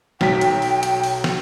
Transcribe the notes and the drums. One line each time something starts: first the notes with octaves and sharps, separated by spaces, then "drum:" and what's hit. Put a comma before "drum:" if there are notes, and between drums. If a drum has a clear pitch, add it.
B1 F#3 G5 B6, drum: snare
drum: hi-hat
drum: open hi-hat
drum: hi-hat
drum: open hi-hat
drum: snare